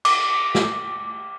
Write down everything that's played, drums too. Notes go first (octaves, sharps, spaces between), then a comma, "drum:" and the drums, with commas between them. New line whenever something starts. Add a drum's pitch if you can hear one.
D6, drum: cymbal
drum: snare